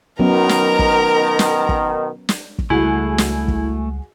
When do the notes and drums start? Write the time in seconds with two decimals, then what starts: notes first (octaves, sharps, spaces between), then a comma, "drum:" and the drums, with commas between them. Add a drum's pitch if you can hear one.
0.19 B2 D#3 F#3 B3 C#4 A#4 A#5
0.49 drum: snare
0.79 drum: kick
1.39 drum: snare
1.69 drum: kick
2.29 drum: snare
2.59 drum: kick
2.70 C#2 G3 A3 E4 F#4 G#4
3.18 drum: snare
3.48 drum: kick